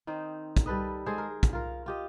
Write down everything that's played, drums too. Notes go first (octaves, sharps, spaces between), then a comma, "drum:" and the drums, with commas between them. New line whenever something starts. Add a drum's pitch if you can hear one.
D#3 C4 D#4
drum: kick, hi-hat
G3 A4 B4 D#5
G#3 G#4 A4 C5
A#4
drum: kick, hi-hat
F4 A#4
F4 G4 D#5